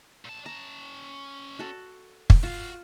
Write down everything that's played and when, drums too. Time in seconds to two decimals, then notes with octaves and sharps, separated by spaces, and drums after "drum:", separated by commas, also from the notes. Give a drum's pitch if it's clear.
0.25 A#2 A5
0.46 C#4 A5 A#5
1.59 F#4 A4
2.30 drum: kick
2.43 F4 F#4 F5